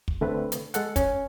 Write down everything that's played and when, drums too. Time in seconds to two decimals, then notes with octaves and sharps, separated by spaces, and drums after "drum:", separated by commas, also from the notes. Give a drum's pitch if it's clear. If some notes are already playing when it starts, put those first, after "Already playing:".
0.08 drum: kick
0.21 D3 A3 C4 B4
0.52 drum: hi-hat
0.74 G#3 A4 F#5, drum: hi-hat
0.96 C#4, drum: kick, hi-hat